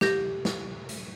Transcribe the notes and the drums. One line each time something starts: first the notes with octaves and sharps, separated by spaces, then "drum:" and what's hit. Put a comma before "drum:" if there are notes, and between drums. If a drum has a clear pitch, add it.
G4 G6 A#6, drum: snare
drum: snare
drum: hi-hat